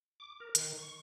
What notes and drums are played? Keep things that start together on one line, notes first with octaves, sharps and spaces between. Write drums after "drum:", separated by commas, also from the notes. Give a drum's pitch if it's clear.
D6
A#4
D#3, drum: hi-hat
C#6